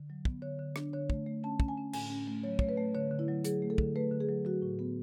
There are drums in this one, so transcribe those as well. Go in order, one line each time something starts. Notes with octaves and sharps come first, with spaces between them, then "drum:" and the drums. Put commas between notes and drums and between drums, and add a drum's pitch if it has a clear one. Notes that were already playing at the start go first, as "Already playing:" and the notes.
Already playing: D3
F#3
B3, drum: kick
D3 C#5
D3
D4, drum: rim click
D3 C#5
A3, drum: kick
A3
C#4 A5
C#4, drum: kick
G#5
C#4
A2 G#5, drum: cymbal
C#4
A3
F#3 C#5
A3 C#5, drum: kick
B4
A3
D3 C#5
D3
E4
F#3
F#3 G#4, drum: hi-hat
A3
A4
D3, drum: kick
A3 B4
D3
G#4
F#3
F#3 F#4
A2
B3